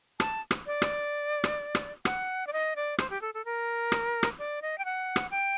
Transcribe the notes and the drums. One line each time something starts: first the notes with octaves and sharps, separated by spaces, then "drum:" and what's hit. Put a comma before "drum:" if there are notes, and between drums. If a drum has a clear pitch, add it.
A5, drum: rim click
drum: rim click
D5
drum: rim click
drum: rim click
drum: rim click
F#5, drum: rim click
D5
D#5
D5
C5, drum: rim click
G4
A4
A4
A#4
drum: rim click
drum: rim click
D5
D#5
G5
F#5
drum: rim click
G5